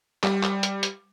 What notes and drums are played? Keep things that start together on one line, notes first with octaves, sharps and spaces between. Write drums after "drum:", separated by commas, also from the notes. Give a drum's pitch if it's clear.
G3, drum: clap
drum: clap
drum: hi-hat
drum: hi-hat